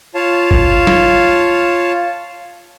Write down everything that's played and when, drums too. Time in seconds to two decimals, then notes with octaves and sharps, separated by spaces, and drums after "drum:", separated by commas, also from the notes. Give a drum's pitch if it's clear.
0.15 F4 C#5 F5 A5
0.51 drum: kick G1
0.87 drum: snare